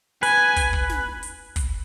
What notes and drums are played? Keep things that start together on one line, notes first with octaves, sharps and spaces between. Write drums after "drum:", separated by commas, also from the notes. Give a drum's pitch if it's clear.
B4 G#5, drum: hi-hat
drum: kick, hi-hat
drum: kick
drum: snare
drum: hi-hat
drum: kick, hi-hat